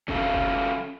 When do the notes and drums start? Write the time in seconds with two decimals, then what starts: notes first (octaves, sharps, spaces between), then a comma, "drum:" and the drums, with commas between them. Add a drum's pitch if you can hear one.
0.08 F#3 C#4 A4 E5 F5, drum: kick F#1
0.34 drum: kick F#1